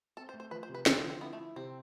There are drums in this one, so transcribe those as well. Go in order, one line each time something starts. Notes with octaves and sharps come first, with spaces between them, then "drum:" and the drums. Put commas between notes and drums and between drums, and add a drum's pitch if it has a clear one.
C4 A4
C5
A3
C5
F3 B4
C5
C3
B4
D3 D4, drum: snare
B3
F3
C4
B3 E4
A3
E4
C3 C4